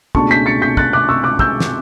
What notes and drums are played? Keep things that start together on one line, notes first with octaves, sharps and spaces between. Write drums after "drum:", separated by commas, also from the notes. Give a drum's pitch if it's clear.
C#2 B2 A3 D4 A5 C#6, drum: kick
G6 B6
A6 C#7
G6 B6
F#6 A6, drum: kick
D6 F#6
C#6 E6
D6 F#6
E6 G6, drum: kick
drum: snare